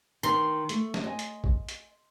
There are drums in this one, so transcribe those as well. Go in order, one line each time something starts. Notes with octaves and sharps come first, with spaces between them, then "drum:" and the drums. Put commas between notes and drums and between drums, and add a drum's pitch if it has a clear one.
D#3 C6
A3, drum: hi-hat
drum: snare
D#5 G#5
drum: hi-hat
drum: kick A1
drum: hi-hat